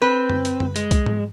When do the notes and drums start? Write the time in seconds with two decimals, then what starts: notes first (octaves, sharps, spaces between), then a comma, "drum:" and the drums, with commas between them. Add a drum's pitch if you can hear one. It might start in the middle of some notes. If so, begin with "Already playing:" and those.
0.02 C4 B4
0.30 drum: tom F#2
0.45 drum: hi-hat
0.60 drum: tom F#2
0.76 G#3, drum: hi-hat
0.91 drum: kick C2, hi-hat
1.06 drum: tom G#2